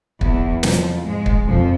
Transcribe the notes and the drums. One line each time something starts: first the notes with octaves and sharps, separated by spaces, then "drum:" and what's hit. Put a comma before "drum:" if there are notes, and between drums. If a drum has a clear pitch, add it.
E2 E3, drum: kick
F2 F3, drum: snare
G#2 G#3
drum: kick
F2 F3